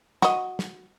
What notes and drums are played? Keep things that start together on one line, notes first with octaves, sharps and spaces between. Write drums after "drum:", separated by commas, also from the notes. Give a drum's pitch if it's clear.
F#4 D#5, drum: snare
drum: snare